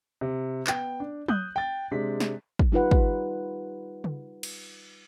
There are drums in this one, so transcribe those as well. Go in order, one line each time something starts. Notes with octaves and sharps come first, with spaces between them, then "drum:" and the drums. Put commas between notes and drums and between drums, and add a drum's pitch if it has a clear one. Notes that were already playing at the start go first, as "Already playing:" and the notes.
C3
B3 G5, drum: clap
D4
D#6 F#6 G6, drum: tom F#3
G5 A6
C3 G#3 D4 B6
drum: snare
drum: kick
G3 D#4 F4 B4 F#5
drum: kick
drum: tom C#3
drum: cymbal